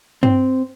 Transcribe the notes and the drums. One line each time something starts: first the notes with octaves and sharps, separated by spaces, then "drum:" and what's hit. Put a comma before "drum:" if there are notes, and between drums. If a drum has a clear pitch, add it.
C4, drum: tom G2